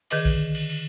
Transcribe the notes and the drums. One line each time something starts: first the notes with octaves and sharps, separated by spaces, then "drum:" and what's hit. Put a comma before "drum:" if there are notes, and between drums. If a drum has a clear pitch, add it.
D3 D#3 G#4 B4 D#5 D6, drum: cymbal
drum: kick B1, cymbal
drum: cymbal
drum: cymbal